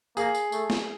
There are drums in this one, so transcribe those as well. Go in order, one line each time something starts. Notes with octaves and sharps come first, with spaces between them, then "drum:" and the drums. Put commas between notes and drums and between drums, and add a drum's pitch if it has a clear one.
A#3 G#4, drum: tambourine
drum: tambourine
A3, drum: tambourine
drum: snare